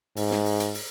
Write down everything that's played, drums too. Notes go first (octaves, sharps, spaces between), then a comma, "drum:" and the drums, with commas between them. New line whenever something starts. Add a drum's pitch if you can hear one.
G#2, drum: open hi-hat
drum: snare
drum: open hi-hat
drum: hi-hat
drum: open hi-hat